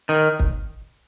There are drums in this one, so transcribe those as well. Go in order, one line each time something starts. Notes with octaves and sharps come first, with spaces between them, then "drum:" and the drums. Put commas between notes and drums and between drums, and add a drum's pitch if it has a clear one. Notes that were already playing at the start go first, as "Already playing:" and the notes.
D#3
drum: kick